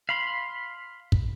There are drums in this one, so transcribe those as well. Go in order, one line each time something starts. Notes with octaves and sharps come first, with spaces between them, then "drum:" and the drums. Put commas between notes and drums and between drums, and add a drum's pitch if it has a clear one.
F5 B5 C6
drum: kick